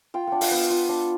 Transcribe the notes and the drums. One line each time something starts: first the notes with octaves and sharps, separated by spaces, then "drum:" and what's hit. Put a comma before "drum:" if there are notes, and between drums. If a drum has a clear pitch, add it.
F4 G5
D4 F#5
F5, drum: open hi-hat
B3 F#5
F4
D4